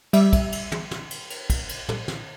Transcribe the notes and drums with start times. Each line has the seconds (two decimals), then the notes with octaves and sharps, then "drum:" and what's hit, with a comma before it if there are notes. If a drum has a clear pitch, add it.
0.13 G3 E5, drum: cymbal
0.33 drum: kick, cymbal
0.52 drum: cymbal
0.72 drum: tom
0.91 drum: snare
1.11 drum: cymbal
1.30 drum: cymbal
1.50 drum: kick, cymbal
1.69 drum: cymbal
1.89 drum: tom
2.08 drum: snare